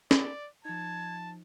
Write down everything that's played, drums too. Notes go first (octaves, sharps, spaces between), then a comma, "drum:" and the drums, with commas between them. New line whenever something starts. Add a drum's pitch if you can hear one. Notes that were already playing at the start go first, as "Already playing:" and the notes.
D5, drum: snare
F3 D#4 A5 G#6